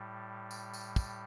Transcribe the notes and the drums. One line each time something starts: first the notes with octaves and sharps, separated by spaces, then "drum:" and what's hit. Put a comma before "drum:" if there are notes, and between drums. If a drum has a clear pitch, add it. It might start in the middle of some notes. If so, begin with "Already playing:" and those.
Already playing: A2 G3
drum: tambourine
drum: tambourine
drum: kick, tambourine